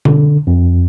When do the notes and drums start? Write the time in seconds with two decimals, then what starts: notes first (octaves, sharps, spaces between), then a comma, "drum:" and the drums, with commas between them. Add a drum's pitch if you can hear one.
0.05 D3, drum: tom B2
0.47 F2